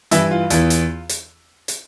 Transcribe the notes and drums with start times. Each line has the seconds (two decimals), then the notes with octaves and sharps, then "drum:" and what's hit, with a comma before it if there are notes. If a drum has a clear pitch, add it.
0.11 G2 E3 E4, drum: hi-hat
0.31 F4
0.50 E2 E3, drum: hi-hat
0.70 drum: hi-hat
1.09 drum: hi-hat
1.68 drum: hi-hat